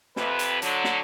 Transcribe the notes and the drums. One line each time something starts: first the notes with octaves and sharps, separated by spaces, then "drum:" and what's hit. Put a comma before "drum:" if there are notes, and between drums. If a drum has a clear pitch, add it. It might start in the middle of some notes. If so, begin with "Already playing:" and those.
F2 C3 B4, drum: snare
drum: hi-hat
D3 F#3, drum: hi-hat
drum: snare